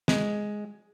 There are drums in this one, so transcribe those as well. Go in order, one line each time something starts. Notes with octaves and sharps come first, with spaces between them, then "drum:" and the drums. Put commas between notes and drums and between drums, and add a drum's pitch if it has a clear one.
G#3, drum: snare